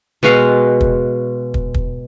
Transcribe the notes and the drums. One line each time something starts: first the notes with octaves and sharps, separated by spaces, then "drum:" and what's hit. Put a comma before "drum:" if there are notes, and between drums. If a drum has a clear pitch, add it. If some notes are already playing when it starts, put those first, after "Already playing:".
B2 G#3 F#4 F5
drum: kick
drum: kick
drum: kick